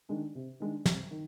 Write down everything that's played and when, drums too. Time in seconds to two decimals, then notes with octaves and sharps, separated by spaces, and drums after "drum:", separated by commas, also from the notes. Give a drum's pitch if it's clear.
0.09 D#3 G#3 D4
0.35 C3
0.60 D#3 G#3 D4
0.86 C3, drum: snare
1.11 D#3